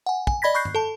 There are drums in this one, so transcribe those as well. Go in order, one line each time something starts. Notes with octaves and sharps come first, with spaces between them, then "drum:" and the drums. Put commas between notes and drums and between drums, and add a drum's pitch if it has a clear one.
F#5 G#5
G#5, drum: kick
D5 D#5 B5 G#6 A#6 B6
B5 C#6 F#6 G6 C7
drum: tom G2
A4 A5